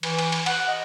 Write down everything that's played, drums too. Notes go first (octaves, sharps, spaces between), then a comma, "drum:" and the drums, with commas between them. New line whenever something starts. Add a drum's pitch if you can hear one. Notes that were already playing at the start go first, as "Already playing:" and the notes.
E3, drum: cymbal
drum: cymbal
drum: cymbal
F#5, drum: cymbal
D#5